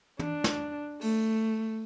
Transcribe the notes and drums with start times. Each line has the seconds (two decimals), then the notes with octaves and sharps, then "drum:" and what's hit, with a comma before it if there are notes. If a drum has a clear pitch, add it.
0.19 D4, drum: tom
0.44 drum: snare
1.01 A3, drum: open hi-hat